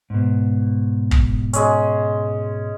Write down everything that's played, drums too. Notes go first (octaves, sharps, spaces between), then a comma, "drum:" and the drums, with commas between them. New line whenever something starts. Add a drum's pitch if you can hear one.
G#2 B2
drum: kick
G#3 C#4, drum: hi-hat